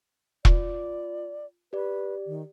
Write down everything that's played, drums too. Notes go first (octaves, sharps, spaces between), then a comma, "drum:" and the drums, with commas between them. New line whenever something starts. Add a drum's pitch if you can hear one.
F4 D5, drum: kick E1
G4 B4 D5
D#3